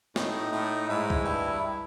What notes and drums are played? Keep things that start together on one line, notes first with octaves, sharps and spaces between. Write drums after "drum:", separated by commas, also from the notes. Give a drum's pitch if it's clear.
A2 D#4, drum: snare
A2
G#2 E4
drum: kick C2
G2